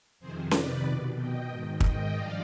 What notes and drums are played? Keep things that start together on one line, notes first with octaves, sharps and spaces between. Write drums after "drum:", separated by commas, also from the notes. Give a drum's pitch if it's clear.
F2 C3 D#3 G#4 C5
B4 D5, drum: snare C#4
B2
D#5 G5
G#2 D#3
D#5 G5, drum: kick
G2 F3 D5 F5